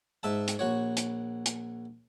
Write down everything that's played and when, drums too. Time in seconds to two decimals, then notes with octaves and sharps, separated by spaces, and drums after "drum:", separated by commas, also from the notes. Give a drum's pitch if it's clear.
0.23 G#2 E5 A5
0.48 drum: hi-hat
0.59 A#1 F#4 C#5
0.97 drum: hi-hat
1.46 drum: hi-hat